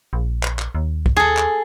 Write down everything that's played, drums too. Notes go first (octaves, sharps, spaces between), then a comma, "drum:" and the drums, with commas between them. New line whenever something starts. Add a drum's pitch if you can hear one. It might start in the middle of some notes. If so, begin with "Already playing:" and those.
A#1
drum: clap
drum: clap
D#2
drum: kick
G#4 A4
drum: clap